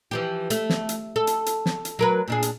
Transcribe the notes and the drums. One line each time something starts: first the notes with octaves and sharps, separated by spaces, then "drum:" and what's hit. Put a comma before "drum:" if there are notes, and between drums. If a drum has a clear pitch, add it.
E3 F3 G4
A3, drum: hi-hat
drum: snare
drum: hi-hat
A4
drum: hi-hat
drum: hi-hat
drum: snare
drum: hi-hat
F#3 A#4 B4
A#2 D4 G#4
drum: hi-hat